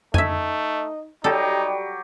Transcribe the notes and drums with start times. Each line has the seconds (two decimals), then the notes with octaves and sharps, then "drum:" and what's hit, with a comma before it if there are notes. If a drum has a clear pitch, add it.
0.14 A3 D#4 E5 G#5, drum: tom F2
1.24 F#3 G3 D#4 G4 A4